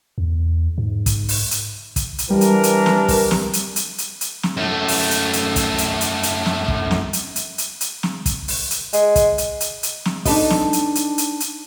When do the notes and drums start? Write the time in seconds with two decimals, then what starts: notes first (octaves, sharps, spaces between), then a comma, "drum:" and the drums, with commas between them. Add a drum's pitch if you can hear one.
0.18 E2
0.78 G#2
1.06 drum: kick, hi-hat
1.29 drum: open hi-hat
1.51 drum: hi-hat
1.96 drum: kick, hi-hat
2.18 drum: hi-hat
2.30 E3 G3 D4 A#4
2.41 drum: hi-hat
2.63 drum: hi-hat
2.86 drum: snare
3.08 drum: kick, open hi-hat
3.31 drum: snare
3.53 drum: hi-hat
3.76 drum: hi-hat
3.98 drum: hi-hat
4.21 drum: hi-hat
4.43 drum: snare
4.57 F#2 A3
4.88 drum: open hi-hat
5.11 drum: hi-hat
5.33 drum: hi-hat
5.56 drum: kick, hi-hat
5.78 drum: hi-hat
6.01 drum: hi-hat
6.23 drum: hi-hat
6.46 drum: snare
6.68 drum: kick
6.91 drum: snare
7.13 drum: hi-hat
7.36 drum: hi-hat
7.58 drum: hi-hat
7.81 drum: hi-hat
8.03 drum: snare
8.26 drum: kick, hi-hat
8.48 drum: open hi-hat
8.71 drum: hi-hat
8.93 G#3, drum: hi-hat
9.15 drum: kick, hi-hat
9.38 drum: hi-hat
9.60 drum: hi-hat
9.83 drum: hi-hat
10.05 drum: snare
10.25 D4 D#4 F4 A4 B4 D#5, drum: kick, open hi-hat
10.50 drum: snare
10.73 drum: hi-hat
10.95 drum: hi-hat
11.18 drum: hi-hat
11.40 drum: hi-hat